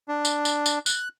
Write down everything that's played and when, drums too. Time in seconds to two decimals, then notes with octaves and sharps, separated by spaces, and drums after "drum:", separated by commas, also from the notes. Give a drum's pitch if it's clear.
0.08 D4
0.25 drum: tambourine
0.45 drum: tambourine
0.66 drum: tambourine
0.86 F#6, drum: tambourine